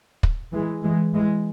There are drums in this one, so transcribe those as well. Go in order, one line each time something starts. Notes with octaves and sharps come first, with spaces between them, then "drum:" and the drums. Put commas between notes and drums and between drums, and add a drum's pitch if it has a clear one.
drum: kick
E3 G#3
E3 G#3
E3 G#3